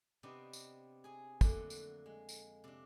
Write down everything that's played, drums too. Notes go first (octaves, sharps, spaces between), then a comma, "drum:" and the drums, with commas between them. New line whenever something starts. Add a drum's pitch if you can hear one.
C3 B3 C4 D4 D#4
drum: tambourine
G#4 G#5
F2 D3 F#3 A3 A#3 C6, drum: kick, tambourine
drum: tambourine
G#3
drum: tambourine
C3 D4